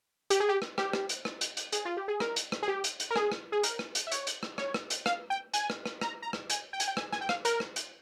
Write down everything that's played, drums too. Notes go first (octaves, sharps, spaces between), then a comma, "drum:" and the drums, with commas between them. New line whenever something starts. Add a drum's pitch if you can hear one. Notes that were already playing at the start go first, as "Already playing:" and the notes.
G4, drum: hi-hat
G#4
G4
drum: rim click
G4, drum: rim click
drum: rim click
drum: hi-hat
drum: rim click
drum: hi-hat
drum: hi-hat
G#4, drum: hi-hat
F4
G4
G#4
A#4, drum: rim click
drum: hi-hat
drum: rim click
G#4
G4
drum: hi-hat
drum: hi-hat
A#4
G#4, drum: rim click
drum: rim click
G#4
A#4, drum: hi-hat
drum: rim click
drum: hi-hat
E5
C#5, drum: hi-hat
drum: hi-hat
drum: rim click
C#5, drum: rim click
drum: rim click
drum: hi-hat
F5, drum: rim click
G5
G#5, drum: hi-hat
drum: rim click
drum: rim click
A#5, drum: rim click
A#5
drum: rim click
G#5, drum: hi-hat
G5
G#5, drum: hi-hat
G5
G#5, drum: rim click
G#5, drum: rim click
G5
F5, drum: rim click
A#4, drum: hi-hat
drum: rim click
drum: hi-hat